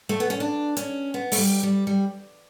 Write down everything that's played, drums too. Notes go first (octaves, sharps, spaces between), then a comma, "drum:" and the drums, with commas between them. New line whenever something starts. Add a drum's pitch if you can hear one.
A3
B3
C#4
D4
C#4, drum: hi-hat
B3
A3, drum: open hi-hat
G3
G3
G3